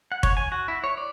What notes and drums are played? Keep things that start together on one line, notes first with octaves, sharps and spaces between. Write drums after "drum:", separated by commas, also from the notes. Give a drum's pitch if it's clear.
F#5
C#5, drum: kick
G#5
F#4
E4
C#5
D5